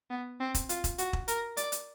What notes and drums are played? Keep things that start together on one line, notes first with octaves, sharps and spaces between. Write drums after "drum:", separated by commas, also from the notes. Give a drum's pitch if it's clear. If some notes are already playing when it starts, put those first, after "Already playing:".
B3
C4
drum: kick E1, hi-hat
F4, drum: hi-hat
drum: kick E1, hi-hat
F#4, drum: hi-hat
drum: kick E1
A#4, drum: hi-hat
D5, drum: hi-hat
drum: hi-hat